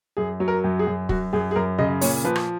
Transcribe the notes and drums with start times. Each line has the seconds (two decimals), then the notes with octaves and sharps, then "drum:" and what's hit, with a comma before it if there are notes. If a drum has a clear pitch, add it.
0.17 F#2 G#4
0.40 F#3
0.48 A#4
0.64 F#2
0.79 G#4
0.87 F#2
1.09 F#2 F#4, drum: kick
1.33 F#2 G#4
1.51 G#4
1.56 F#2 A#4
1.79 C#3 D#5
2.01 A#2 C#5, drum: open hi-hat
2.24 F3 B4
2.35 drum: rim click